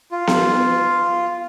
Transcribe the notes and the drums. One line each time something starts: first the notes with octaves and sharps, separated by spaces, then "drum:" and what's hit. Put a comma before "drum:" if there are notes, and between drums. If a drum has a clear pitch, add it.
F4
drum: snare B3